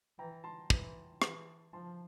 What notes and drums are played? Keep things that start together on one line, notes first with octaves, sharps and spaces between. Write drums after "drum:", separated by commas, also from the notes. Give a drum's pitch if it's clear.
E3 G5 A#5
A5 C6
E3, drum: kick
E3, drum: rim click
F3 A5 C6